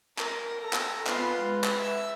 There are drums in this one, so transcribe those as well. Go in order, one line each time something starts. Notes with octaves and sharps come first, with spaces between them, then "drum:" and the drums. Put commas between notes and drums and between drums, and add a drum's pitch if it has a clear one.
A#4, drum: clap
A4 A#5
drum: clap
B3 F4 B4 C6, drum: clap
G#3
drum: clap
E5 E6